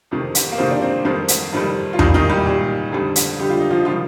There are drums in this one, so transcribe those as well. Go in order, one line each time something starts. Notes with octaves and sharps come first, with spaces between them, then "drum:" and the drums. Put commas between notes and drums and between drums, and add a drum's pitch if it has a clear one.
F2 C3 D#3
drum: hi-hat
A#3
F2 C3 D#3 C4
D4
C4
F2 D#3 G3 C4
drum: hi-hat
F2 D#3 G3
F4
A#2 D#3 G3 D#4, drum: tom E2
D#3 D#4
G3 G4
A#2 G3
F2 D3 G3
drum: hi-hat
F2 D3 G3 G4
F4
D#4
F3 F4
C3 D#3 F3 G3 F4